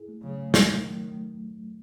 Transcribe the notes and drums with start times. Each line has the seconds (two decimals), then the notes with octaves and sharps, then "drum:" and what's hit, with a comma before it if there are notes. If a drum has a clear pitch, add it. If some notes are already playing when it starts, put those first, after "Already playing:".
Already playing: E4 G#4
0.08 A3
0.23 C#3 F#3
0.38 A3
0.54 A3, drum: snare
0.69 D#3 F#3
0.84 F#3
0.99 A3